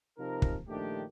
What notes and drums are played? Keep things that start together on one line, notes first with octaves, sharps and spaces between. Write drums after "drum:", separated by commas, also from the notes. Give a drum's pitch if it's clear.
C3 F3 D#4 A#4
drum: kick
A#1 D#3 A3 D4 G4